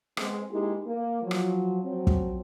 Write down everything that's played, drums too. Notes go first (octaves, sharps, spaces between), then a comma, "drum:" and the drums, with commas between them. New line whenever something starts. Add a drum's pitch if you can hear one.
G#3 B3 C4, drum: rim click
G#3 A#3 D#4 E4 G4
A#3
F3 F#3
drum: rim click
F3 F#3 C4
drum: kick